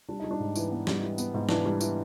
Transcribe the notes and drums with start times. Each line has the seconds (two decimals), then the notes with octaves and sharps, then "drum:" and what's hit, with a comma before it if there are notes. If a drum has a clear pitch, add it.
0.09 G3 D4
0.20 G3 D#4
0.31 D4
0.40 G#2
0.56 E3, drum: tambourine
0.71 B3
0.87 G3, drum: snare
1.02 E3
1.18 B3, drum: tambourine
1.34 G#2
1.49 E3 D4, drum: snare
1.65 G3
1.81 E3, drum: tambourine